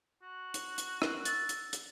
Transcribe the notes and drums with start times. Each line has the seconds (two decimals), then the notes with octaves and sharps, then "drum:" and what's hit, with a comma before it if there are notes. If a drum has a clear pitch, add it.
0.23 F#4
0.54 drum: hi-hat
0.78 drum: hi-hat
1.02 drum: rim click
1.25 E6 A6, drum: hi-hat
1.49 drum: hi-hat
1.73 drum: hi-hat